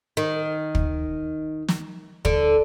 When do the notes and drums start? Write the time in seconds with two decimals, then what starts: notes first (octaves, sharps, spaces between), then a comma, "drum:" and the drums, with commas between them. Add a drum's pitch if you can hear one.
0.17 D#3
0.75 drum: kick
1.68 drum: snare
2.25 D3, drum: kick